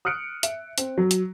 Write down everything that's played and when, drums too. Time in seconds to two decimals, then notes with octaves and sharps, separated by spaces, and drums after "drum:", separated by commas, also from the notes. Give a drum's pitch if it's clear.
0.05 D#6 F6 F#6 C#7 D7
0.43 E5, drum: hi-hat
0.78 C4, drum: hi-hat
0.98 F#3
1.11 drum: hi-hat